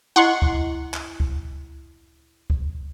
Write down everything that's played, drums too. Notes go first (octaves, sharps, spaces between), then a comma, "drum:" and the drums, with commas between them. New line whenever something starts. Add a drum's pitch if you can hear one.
E4 D#5 F#5 C6 C#6
drum: kick C#2
drum: clap
drum: kick C#2
drum: kick C#2